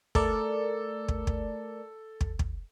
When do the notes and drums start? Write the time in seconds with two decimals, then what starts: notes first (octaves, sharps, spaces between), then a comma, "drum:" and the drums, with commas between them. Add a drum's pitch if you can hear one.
0.15 A3 A4 A#4 D5, drum: kick
1.08 drum: kick
1.27 drum: kick
2.21 drum: kick
2.39 drum: kick